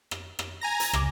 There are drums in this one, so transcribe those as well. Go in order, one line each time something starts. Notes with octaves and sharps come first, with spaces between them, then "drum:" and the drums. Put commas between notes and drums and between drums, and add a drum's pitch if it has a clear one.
drum: rim click
drum: rim click
G#5 A#5 A#6
drum: hi-hat
C#2 D6, drum: rim click